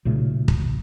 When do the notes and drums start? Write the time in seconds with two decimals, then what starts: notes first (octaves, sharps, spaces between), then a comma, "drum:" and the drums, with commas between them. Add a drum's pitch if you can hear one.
0.05 B1 A#2 C#3 A3
0.48 drum: kick